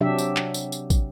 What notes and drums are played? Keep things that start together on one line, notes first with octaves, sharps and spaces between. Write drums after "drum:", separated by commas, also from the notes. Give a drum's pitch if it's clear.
C3 F#3 D4 G4 E5
drum: tambourine
drum: clap
drum: tambourine
drum: tambourine
drum: kick, tambourine